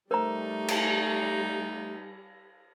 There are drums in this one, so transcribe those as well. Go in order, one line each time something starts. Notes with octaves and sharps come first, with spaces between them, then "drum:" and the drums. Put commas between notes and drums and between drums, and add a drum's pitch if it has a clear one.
G3 A3 D#4 A#4 C5 A#5
drum: cymbal